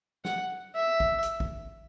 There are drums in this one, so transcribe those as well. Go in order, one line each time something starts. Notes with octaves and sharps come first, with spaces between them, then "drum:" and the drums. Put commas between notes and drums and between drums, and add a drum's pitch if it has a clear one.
F#5, drum: snare
E5
drum: kick
drum: hi-hat
drum: kick